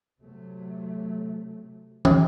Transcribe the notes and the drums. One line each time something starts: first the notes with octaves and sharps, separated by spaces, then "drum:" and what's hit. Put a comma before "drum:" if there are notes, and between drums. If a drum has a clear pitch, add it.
C3 F#3 A3
drum: tom